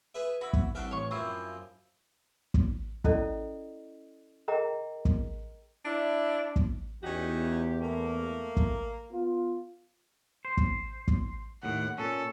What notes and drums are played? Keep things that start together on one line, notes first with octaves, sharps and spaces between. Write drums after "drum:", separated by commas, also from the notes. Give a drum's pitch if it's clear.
G#4 B4 E5
E4 F#4 B5
drum: kick
C2 D4 F#4 E5 G5 F6
A1 C#5 C#6
F#2 F3 A#3 C4 E4
drum: kick
C#4 E4 A4 D5 D#5, drum: kick
G#4 A#4 D#5 G5 A#5
drum: kick
D4 E4
drum: kick
E2 C#4 D#4 F#4 G4
A3 A#3
drum: kick
B3 F4
C5
drum: kick
drum: kick
D#2 A2 F#5
A#2 C#4 A4